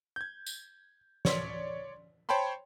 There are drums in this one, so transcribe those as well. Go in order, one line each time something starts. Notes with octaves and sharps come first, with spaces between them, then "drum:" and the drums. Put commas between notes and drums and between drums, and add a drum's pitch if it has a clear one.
G6 G#6
drum: tambourine
C#5 D5 C6 B6, drum: snare
C5 C#5 G5 A5 B5 C6